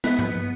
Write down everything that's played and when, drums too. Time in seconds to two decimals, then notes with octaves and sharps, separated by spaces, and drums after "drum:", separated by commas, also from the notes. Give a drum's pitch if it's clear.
0.04 B3, drum: snare
0.19 drum: tom